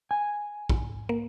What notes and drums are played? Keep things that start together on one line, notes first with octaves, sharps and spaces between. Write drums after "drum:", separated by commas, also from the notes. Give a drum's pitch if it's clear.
G#5
drum: kick
A#3